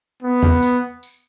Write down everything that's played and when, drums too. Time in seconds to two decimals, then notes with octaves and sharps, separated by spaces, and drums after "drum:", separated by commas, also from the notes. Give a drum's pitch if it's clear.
0.23 B3
0.43 drum: tom
0.63 drum: tambourine
1.03 drum: tambourine